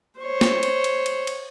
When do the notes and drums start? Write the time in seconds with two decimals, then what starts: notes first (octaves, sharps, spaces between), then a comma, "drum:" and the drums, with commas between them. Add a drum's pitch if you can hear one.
0.20 C5 C#5
0.41 drum: snare
0.63 drum: cymbal
0.84 drum: cymbal
1.06 drum: cymbal
1.27 drum: cymbal